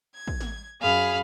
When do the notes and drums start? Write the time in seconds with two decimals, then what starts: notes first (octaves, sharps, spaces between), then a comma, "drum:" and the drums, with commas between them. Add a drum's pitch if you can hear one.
0.14 G#6
0.27 drum: kick
0.41 drum: snare
0.81 F#2 G#4 F5 B5